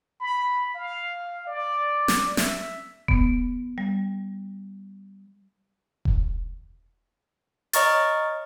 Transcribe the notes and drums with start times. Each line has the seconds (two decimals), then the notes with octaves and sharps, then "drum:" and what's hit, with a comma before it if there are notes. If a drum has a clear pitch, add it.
0.20 B5
0.75 F5
1.47 D5
2.08 drum: snare
2.37 E5, drum: snare
3.08 B3, drum: kick E1
3.78 G3
6.05 drum: kick E1
7.73 C#5 D#5 A#5 C#6 F6 A6, drum: hi-hat